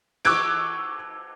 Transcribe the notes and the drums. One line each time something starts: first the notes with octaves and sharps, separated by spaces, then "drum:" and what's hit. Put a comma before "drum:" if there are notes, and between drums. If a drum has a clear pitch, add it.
C#6 D6 E6 F#6 G#6 D7, drum: cymbal